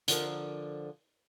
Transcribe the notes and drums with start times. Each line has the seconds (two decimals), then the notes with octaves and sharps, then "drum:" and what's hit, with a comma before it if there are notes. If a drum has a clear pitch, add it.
0.08 D3 F3 A#4, drum: hi-hat